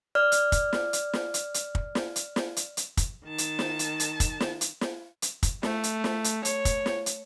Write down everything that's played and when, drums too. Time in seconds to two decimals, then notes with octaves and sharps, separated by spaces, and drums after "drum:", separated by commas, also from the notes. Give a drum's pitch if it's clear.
0.15 D5 F6
0.32 drum: hi-hat
0.52 drum: kick, hi-hat
0.73 drum: snare
0.93 drum: hi-hat
1.13 drum: snare
1.34 drum: hi-hat
1.54 drum: hi-hat
1.75 drum: kick
1.95 drum: snare
2.16 drum: hi-hat
2.36 drum: snare
2.57 drum: hi-hat
2.77 drum: hi-hat
2.97 drum: kick, hi-hat
3.26 D#3 A5
3.38 drum: hi-hat
3.59 drum: snare
3.79 drum: hi-hat
4.00 drum: hi-hat
4.20 drum: kick, hi-hat
4.40 drum: snare
4.61 drum: hi-hat
4.81 drum: snare
5.22 drum: hi-hat
5.43 drum: kick, hi-hat
5.63 A3, drum: snare
5.83 drum: hi-hat
6.04 drum: snare
6.24 drum: hi-hat
6.45 C#5, drum: hi-hat
6.65 drum: kick, hi-hat
6.86 drum: snare
7.06 drum: hi-hat